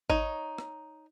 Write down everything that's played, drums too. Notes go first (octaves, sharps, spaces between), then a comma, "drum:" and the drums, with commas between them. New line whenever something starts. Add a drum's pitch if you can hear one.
D#4 C#5, drum: kick G#1
drum: rim click